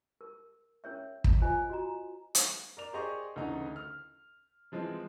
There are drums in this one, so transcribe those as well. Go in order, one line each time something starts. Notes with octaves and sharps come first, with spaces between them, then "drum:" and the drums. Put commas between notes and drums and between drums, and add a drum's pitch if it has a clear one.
A#4
C#4 A#4 C#5 E5
drum: kick
F4 C5 D#5 G#5
F#4 D#5 A#5
drum: hi-hat
A#4 D5 F7
G4 G#4 C5 D5 D#5 C#6
D2 C#3 E3 D#4 A#5
F6
E3 F3 G#3 C4